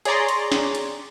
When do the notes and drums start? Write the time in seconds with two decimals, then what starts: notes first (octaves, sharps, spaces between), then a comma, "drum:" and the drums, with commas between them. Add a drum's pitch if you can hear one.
0.05 G#4 C#5 D5 A#5 C6, drum: hi-hat
0.28 drum: hi-hat
0.52 drum: snare
0.75 drum: hi-hat